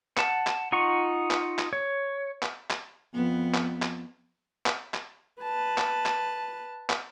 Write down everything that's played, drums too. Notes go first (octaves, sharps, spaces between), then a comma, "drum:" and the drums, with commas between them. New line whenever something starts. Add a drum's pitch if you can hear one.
F#5 A5, drum: clap
drum: clap
D#4 F4 F#5 C#6
drum: clap
drum: clap
C#5
drum: clap
drum: clap
F2 B3
drum: clap
drum: clap
drum: clap
drum: clap
B4 A5
drum: clap
drum: clap
drum: clap